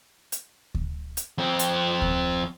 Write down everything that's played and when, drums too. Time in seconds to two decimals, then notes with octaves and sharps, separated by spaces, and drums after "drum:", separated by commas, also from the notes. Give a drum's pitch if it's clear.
0.32 drum: hi-hat
0.74 drum: kick D2
1.17 drum: hi-hat
1.38 F2 C4
1.59 drum: hi-hat
2.02 drum: kick D2